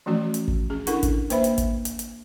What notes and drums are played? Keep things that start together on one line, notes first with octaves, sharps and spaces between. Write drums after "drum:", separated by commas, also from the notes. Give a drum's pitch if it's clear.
E3 F3 A3 C#4 F#4
drum: hi-hat
drum: kick
C#4 G#4
D4 E4 A4 A#4 F#5 C#6, drum: hi-hat
drum: kick, hi-hat
A#3 B4 C5 E5 B5, drum: hi-hat
drum: hi-hat
drum: kick, hi-hat
drum: hi-hat
drum: hi-hat